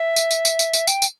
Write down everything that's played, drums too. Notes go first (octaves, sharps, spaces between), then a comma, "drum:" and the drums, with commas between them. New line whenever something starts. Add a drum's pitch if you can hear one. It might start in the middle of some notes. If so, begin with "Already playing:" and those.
Already playing: E5
drum: tambourine
drum: tambourine
drum: tambourine
drum: tambourine
drum: tambourine
G5, drum: tambourine
drum: tambourine